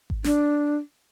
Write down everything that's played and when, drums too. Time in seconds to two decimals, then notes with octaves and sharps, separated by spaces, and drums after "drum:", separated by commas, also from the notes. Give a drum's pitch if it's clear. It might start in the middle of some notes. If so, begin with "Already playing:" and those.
0.10 drum: kick G#1
0.24 D4, drum: snare